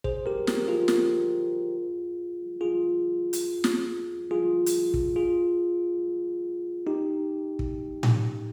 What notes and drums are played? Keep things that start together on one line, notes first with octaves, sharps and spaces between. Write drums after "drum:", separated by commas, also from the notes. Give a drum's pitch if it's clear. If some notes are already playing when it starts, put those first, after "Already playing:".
G#4 C5, drum: kick
G4 A#4
G4 A#4, drum: snare
F4 G#4
drum: snare
F4 G#4
drum: hi-hat
drum: snare
F4 G#4
drum: hi-hat
drum: kick
F4 G#4
D#4 G4
drum: kick
drum: tom A2